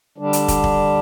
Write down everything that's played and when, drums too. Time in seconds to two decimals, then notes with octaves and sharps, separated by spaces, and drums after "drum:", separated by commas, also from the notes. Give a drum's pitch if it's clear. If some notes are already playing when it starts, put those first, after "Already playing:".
0.18 D3 G3 D4
0.33 drum: hi-hat
0.48 drum: kick, hi-hat
0.64 drum: kick